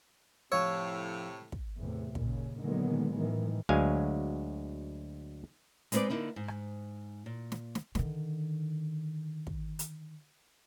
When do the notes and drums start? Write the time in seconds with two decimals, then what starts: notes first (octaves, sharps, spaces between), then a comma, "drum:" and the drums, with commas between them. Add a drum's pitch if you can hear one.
0.52 A2 C3 F3 C#5 F5 E6
1.52 drum: kick
1.79 E2 A2 C3
2.15 D#2 A#2 C#3, drum: kick
2.59 A#2 D3 D#3 F#3 G#3 B3
3.17 A2 D#3 E3
3.69 D2 F#3 G#3 F5 G#5
5.92 G#3 C4 D#4 F#4 B4 D5, drum: hi-hat
6.10 D3 A#3 D#4 E4
6.36 G#2
6.48 drum: rim click
7.26 A#2
7.52 drum: snare
7.75 drum: snare
7.95 D3 D#3, drum: snare
9.47 drum: kick
9.79 drum: hi-hat